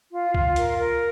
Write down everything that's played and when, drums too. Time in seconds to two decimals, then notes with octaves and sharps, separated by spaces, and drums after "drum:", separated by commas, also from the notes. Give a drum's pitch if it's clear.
0.12 F4
0.35 F4, drum: kick C#2
0.56 A#4, drum: hi-hat
0.78 A#4